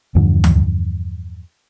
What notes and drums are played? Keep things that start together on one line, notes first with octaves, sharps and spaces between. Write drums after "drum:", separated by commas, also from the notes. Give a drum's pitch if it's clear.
E2 G2 D3 F3
drum: tom D2